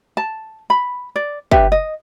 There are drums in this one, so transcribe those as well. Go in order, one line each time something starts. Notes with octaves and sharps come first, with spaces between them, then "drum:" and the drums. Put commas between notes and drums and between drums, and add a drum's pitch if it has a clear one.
A5
B5
D5
D4 G4 B4 E5, drum: kick
D#5